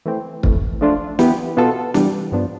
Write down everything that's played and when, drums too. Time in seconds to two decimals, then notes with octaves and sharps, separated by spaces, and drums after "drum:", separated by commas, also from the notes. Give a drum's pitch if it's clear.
0.06 E3 A3 C4
0.43 F2 E3 A3, drum: kick
0.81 F3 A3 D4 F4
1.19 E3 B3 E4 G4, drum: snare
1.57 B2 B3 F4 A4
1.94 C3 E3 G3 D4, drum: snare
2.32 G2 F3 B3 D4